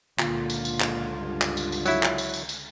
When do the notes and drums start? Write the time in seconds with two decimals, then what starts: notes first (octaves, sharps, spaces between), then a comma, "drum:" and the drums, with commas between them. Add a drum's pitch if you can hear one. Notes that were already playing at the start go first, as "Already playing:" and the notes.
0.19 C#2 A#2 D3 F4, drum: clap
0.50 drum: tambourine
0.65 drum: tambourine
0.80 drum: clap
1.18 G2
1.42 drum: clap
1.57 drum: tambourine
1.72 drum: tambourine
1.86 F#3 E4, drum: tambourine
2.03 drum: clap
2.18 drum: tambourine
2.34 drum: tambourine
2.49 drum: tambourine